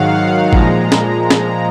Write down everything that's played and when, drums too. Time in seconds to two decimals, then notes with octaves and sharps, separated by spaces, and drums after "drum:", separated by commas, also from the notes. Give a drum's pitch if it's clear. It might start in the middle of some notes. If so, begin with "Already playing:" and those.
Already playing: G#2 D#3 F#3 F5 F#5
0.14 F#5
0.53 A#2 F3 G#3 A#5, drum: kick G#1
0.92 drum: snare
1.30 drum: snare